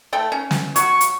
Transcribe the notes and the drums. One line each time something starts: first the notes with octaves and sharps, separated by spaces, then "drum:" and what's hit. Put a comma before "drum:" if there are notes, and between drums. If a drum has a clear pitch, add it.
A3 A4 G5
C#4
drum: snare
F#3 F#4 C#6, drum: hi-hat
drum: hi-hat